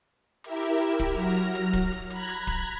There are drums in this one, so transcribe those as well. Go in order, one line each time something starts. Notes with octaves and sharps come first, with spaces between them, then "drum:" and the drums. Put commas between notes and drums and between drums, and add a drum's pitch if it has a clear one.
E4 G4 A#4 E5, drum: hi-hat
drum: hi-hat
drum: hi-hat
drum: kick D1, hi-hat
F#3 F6 A#6
drum: hi-hat
drum: hi-hat
drum: kick D1, hi-hat
drum: hi-hat
A#5 B5 F#6 G#6, drum: hi-hat
drum: hi-hat
drum: kick D1, hi-hat